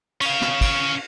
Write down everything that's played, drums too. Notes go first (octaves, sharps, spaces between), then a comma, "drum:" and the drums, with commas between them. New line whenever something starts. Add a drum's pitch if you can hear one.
C#4 F5, drum: cymbal
drum: snare
drum: kick, cymbal